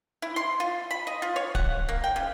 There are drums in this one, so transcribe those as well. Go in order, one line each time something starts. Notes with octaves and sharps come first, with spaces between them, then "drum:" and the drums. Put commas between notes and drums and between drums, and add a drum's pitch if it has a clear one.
E4
C6
F4
B5
D#5
F4
C#5
F#5, drum: kick D1
A#3
G5
C#3